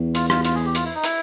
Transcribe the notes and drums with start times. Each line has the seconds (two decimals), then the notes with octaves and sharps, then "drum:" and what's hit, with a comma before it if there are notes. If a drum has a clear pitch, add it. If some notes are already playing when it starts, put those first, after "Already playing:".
Already playing: E2
0.15 F4, drum: hi-hat
0.30 F4, drum: rim click
0.45 F4, drum: hi-hat
0.55 G#4
0.65 G4
0.75 F4, drum: hi-hat
0.85 E4
0.95 D#4
1.04 E4, drum: hi-hat